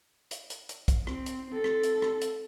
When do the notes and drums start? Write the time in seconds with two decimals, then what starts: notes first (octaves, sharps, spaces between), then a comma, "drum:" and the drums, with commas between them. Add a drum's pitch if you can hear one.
0.31 drum: hi-hat
0.50 drum: hi-hat
0.69 drum: hi-hat
0.88 drum: kick, hi-hat
1.07 C4, drum: rim click
1.26 drum: hi-hat
1.50 C4 A4
1.64 drum: rim click
1.83 drum: hi-hat
2.02 drum: rim click
2.21 drum: hi-hat